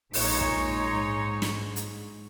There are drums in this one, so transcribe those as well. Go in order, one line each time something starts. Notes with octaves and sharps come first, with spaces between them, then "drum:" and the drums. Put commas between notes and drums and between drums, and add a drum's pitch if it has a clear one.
A#1 A#2 G#3 D#4 C#5, drum: open hi-hat
drum: kick
G#2
drum: snare
drum: hi-hat